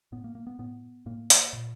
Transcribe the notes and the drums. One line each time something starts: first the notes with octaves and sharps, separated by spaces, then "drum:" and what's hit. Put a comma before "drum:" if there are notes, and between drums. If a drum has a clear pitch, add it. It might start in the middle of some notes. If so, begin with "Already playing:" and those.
A2 B3
A#3
A#3
B3
A2 B3
A2 A#3
drum: hi-hat
A#2